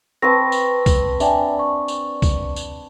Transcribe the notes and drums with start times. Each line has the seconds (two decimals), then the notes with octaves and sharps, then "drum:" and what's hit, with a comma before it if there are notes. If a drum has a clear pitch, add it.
0.22 C4 B4 A5 C#6 A#6
0.52 drum: tambourine
0.86 drum: kick C2, tambourine
1.20 D4 E5 G5 G#5, drum: tambourine
1.59 C#6
1.88 drum: tambourine
2.22 drum: kick C2, tambourine
2.56 drum: tambourine